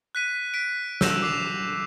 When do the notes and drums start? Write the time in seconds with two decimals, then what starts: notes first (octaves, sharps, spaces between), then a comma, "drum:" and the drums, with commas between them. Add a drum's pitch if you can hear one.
0.15 F#6 B6 D#7
0.54 B6 D7
1.01 E6 G6 A#6 E7 F7, drum: snare
1.22 D6 C7 F7